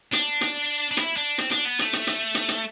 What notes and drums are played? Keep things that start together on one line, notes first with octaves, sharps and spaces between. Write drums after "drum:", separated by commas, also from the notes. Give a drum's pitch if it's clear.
D4, drum: hi-hat
drum: hi-hat
D4
E4, drum: hi-hat
D4
C4, drum: hi-hat
D4, drum: hi-hat
B3
A3, drum: hi-hat
drum: hi-hat
drum: hi-hat
drum: hi-hat
drum: hi-hat